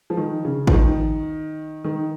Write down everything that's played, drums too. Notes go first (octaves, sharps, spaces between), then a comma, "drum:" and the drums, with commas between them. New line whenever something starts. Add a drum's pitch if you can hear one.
F3
D#3
C#3
F3, drum: kick A1
D#3
D#3